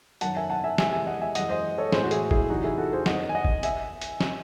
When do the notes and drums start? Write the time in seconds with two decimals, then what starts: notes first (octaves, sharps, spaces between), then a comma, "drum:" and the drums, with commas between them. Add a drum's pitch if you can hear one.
0.21 F#2 D#3 F#3 F#5 A5, drum: hi-hat
0.36 E5 G#5
0.50 F#5 A5
0.64 E5 G#5
0.78 C3 E3 G#3 E5 G#5, drum: snare
0.92 E5 G#5
1.07 D#5 F#5
1.21 E5 G#5
1.35 F#2 E3 G#3 D#5 F#5, drum: hi-hat
1.49 C5 D#5
1.78 A4 C#5
1.92 A2 E3 G#3 G#4 C5, drum: snare
2.03 F#4
2.11 E4 G#4, drum: hi-hat
2.31 E4 G#4, drum: kick G1
2.49 E2 C3 F#3 D#4 F#4
2.64 E4 G#4
2.78 F#4 A4
2.93 G#4 C5
3.06 F#2 D#3 F#3 D#5 F#5, drum: snare
3.29 G#5
3.35 D#5 F#5
3.45 drum: kick G1
3.63 E5 G#5, drum: hi-hat
4.01 drum: hi-hat
4.20 drum: snare